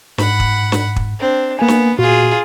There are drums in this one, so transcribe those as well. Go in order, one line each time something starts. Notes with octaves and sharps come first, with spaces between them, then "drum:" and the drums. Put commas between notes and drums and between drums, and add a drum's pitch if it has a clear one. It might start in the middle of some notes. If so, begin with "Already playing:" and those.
G#2 F#5 B5, drum: snare
drum: kick
drum: snare
drum: kick
C4 D4
A#3 B3 G#5
drum: snare
A#2 F4 F#4 G#4